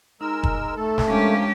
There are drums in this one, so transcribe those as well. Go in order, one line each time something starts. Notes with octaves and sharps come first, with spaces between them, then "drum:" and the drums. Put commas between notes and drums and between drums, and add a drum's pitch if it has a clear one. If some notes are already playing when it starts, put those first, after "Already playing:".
G#3 D#4 A#4 E6
drum: kick
A3 A4
drum: snare
F3 G#3 A#3 C#4 D4 G4